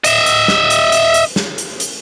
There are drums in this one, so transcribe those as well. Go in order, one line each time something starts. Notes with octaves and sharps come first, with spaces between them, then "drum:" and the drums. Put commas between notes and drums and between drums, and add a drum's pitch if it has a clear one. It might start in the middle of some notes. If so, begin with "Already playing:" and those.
D#5 E5, drum: hi-hat
drum: hi-hat
drum: snare
drum: hi-hat
drum: hi-hat
drum: hi-hat
drum: snare
drum: hi-hat
drum: hi-hat